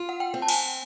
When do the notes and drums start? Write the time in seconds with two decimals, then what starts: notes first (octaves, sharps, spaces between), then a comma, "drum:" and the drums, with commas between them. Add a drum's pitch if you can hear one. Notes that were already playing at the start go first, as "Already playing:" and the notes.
Already playing: F4
0.09 F#5
0.20 G5
0.34 C4
0.42 A5
0.48 G#5, drum: cymbal